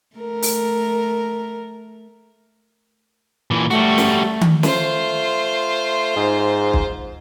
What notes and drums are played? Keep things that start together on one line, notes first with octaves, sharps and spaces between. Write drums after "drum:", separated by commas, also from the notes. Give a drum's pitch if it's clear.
A3 A#4
drum: open hi-hat
A#2 E3
G3 A3 F#4
drum: snare
drum: tom D#3
A3 F4 C5, drum: snare
G#2
drum: kick B1